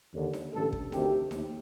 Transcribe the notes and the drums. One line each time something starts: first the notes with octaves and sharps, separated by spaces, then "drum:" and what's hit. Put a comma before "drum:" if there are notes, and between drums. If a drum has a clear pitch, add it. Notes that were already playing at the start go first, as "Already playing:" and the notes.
D#2 D3
drum: snare D#4
A1 G2 D3 A4
drum: kick
D2 C3 D#3 G4, drum: snare D#4
D#2, drum: snare D#4